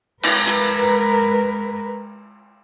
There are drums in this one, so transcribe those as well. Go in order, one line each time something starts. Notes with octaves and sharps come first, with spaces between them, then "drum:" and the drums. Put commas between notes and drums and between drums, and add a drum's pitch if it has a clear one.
G#3 A#4 B4, drum: cymbal
drum: hi-hat